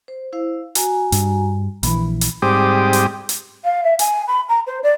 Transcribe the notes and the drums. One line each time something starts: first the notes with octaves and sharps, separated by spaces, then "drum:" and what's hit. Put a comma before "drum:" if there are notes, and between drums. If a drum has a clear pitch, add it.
C5
E4 C5 F5
F#4 G#5 A#5, drum: hi-hat
G2, drum: hi-hat
A#1 E3 B5, drum: hi-hat
drum: hi-hat
G#2 G3 C4 G4 D6 D#6
drum: hi-hat
drum: hi-hat
F5
E5
G#5, drum: hi-hat
B5
A#5
C5
D5